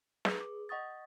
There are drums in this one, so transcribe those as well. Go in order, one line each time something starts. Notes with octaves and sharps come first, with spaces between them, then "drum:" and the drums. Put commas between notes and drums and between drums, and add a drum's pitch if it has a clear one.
G#4 B4, drum: snare
D6
D#5 F#5 C#6 D#6 A6